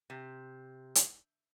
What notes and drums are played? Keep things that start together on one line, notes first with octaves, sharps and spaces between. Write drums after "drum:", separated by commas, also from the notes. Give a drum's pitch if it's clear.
C3
drum: hi-hat